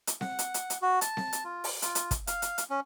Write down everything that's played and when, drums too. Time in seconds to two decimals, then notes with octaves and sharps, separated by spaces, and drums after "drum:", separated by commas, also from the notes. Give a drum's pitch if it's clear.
0.07 drum: hi-hat
0.21 F#5, drum: snare C4
0.39 drum: hi-hat
0.54 drum: hi-hat
0.70 drum: hi-hat
0.82 F#4
1.01 A5, drum: hi-hat
1.17 drum: snare C4
1.33 drum: hi-hat
1.44 F4
1.64 drum: open hi-hat
1.82 F4, drum: hi-hat
1.95 drum: hi-hat
2.11 drum: kick, hi-hat
2.27 F5, drum: hi-hat
2.42 drum: hi-hat
2.58 drum: hi-hat
2.70 C#4